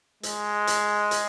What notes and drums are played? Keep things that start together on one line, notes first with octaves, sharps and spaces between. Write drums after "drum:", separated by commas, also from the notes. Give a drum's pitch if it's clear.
G#3, drum: hi-hat
drum: hi-hat
drum: hi-hat